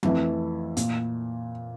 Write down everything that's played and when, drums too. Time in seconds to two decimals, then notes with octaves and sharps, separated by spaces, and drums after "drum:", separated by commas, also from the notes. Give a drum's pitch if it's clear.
0.03 F2 E3 A3 E4, drum: tom F3
0.77 A#2, drum: hi-hat